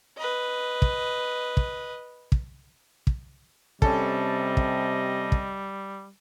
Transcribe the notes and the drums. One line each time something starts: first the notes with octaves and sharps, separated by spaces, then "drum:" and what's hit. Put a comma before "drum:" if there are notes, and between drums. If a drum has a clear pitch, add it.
B4 D#5
drum: kick
drum: kick
drum: kick
drum: kick
C3 G3 C#4 A4 D#5, drum: kick
drum: kick
drum: kick